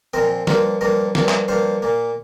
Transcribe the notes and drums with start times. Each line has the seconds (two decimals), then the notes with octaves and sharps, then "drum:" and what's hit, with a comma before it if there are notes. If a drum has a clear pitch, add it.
0.13 A#2 F3 C4 A#4 D#5
0.47 G2 F3 A#3 F4 A#4, drum: snare
0.81 G2 F3 A#3 A#4 D#5
1.15 G2 F3 A#3, drum: snare
1.29 drum: clap
1.48 G2 F3 A#3 C5 F5
1.82 A#2 A#3